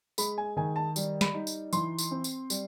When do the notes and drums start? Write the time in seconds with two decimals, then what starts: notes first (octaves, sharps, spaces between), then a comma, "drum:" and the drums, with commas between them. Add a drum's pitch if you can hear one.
0.18 G#3 B5, drum: tambourine
0.38 G#5
0.57 D#3 G#5
0.76 A5
0.96 G3, drum: tambourine
1.21 B5, drum: snare
1.34 D#4
1.47 drum: tambourine
1.73 E3 C6, drum: tambourine
1.98 drum: tambourine
2.11 C4
2.24 drum: tambourine
2.50 G3, drum: tambourine